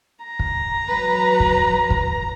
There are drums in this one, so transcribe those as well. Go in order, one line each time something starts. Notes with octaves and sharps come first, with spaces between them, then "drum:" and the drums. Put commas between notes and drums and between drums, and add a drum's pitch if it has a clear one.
A#5
drum: kick
F#3 B4
drum: kick
drum: kick